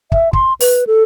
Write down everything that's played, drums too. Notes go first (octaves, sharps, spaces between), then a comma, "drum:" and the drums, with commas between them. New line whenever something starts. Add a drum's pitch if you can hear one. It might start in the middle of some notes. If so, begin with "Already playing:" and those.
E5, drum: kick
C6, drum: kick
B4, drum: open hi-hat
A4